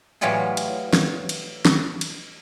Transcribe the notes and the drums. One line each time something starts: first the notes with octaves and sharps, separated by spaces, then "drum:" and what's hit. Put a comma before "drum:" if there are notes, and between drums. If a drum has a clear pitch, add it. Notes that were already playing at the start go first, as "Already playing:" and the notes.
A2 E3 F#3 G3 F4 G#4
drum: cymbal
drum: snare
drum: cymbal
drum: snare
drum: cymbal